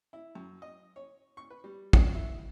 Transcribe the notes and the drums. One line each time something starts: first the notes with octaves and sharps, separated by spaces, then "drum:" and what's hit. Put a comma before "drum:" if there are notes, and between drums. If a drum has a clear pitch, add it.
E4
F#2
D#5
C#5
C#6
B4
G3
F4, drum: kick
E4